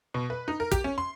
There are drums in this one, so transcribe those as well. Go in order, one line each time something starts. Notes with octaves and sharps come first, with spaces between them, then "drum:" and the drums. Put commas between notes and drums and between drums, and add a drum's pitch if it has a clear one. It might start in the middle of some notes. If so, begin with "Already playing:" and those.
B2
B4
D#4
A#4
G4, drum: kick, hi-hat
C#4
C6